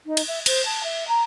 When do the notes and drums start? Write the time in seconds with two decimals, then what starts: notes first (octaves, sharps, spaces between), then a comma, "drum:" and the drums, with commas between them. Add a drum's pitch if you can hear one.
0.06 D#4
0.17 drum: cymbal
0.27 E5
0.46 C5, drum: cymbal
0.65 A5
0.83 E5
1.08 A#5